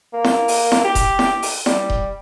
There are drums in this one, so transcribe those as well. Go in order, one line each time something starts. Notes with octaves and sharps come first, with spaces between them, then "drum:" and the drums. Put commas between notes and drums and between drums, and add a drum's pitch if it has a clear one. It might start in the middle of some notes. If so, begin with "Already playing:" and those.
A#3
drum: snare E4
drum: open hi-hat
drum: snare E4
G4
drum: kick D#1, hi-hat
drum: snare E4
drum: open hi-hat
G3, drum: snare E4
drum: kick D#1